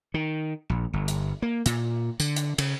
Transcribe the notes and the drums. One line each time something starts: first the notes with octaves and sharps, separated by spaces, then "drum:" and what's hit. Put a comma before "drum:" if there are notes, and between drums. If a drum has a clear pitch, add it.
D#3
A#1
G1
drum: hi-hat
A#3
A#2, drum: hi-hat
D3, drum: tambourine
drum: hi-hat
C#3, drum: cymbal